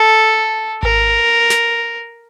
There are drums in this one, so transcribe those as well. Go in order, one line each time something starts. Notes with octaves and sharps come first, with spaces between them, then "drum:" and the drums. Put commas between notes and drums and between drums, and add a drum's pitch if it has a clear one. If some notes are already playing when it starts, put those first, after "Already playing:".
Already playing: A4
A#4, drum: kick G#1
drum: snare